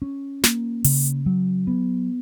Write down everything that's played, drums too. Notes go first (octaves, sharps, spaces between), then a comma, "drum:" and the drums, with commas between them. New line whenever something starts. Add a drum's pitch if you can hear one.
C#4
A#3, drum: snare
C#3, drum: open hi-hat
F#3
B3